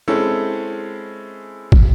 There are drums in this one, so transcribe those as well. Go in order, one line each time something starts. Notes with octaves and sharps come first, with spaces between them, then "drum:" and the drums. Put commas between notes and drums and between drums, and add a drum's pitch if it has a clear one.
G#3 C4 C#4 E4 A4
drum: kick